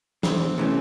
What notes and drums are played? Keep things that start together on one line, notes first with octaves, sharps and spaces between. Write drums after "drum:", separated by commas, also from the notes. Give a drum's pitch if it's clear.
E2 C4, drum: snare
C3 E3 A3 C#4